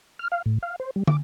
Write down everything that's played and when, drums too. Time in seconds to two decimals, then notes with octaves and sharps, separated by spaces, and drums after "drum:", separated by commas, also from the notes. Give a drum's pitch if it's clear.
0.19 F6
0.32 F5
0.46 A2
0.63 F5
0.80 C5
0.96 G3
1.07 D6, drum: tom